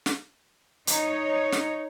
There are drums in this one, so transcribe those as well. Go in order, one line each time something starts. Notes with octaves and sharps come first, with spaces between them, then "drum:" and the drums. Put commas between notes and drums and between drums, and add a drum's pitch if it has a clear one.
drum: snare
D#4 C#5, drum: hi-hat
drum: snare